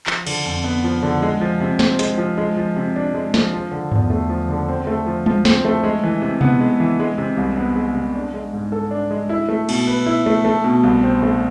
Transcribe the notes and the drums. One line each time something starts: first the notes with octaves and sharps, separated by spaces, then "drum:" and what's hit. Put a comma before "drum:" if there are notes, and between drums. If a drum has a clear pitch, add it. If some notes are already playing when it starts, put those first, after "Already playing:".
F3, drum: clap
D3, drum: cymbal
F2
B3
F3
D3
G#3
F3
C3
C4, drum: snare
G#3, drum: hi-hat
F3
G#3
F3
C3
D4
G#3
F3, drum: snare
F3
D3
E2, drum: tom G2
A3
F3
D3
C4
A3
F3
F3, drum: tom G3
C4, drum: snare
A3
G#3
E3
C3
B3, drum: tom B2
G#3
E3
G#3
C3
C2
B3
G#3
C3
D4
G#3
G#2
A4
D4
G#3
E4
A3
B2, drum: cymbal
B4
E4
A3
A3
B2
C2
C4
A3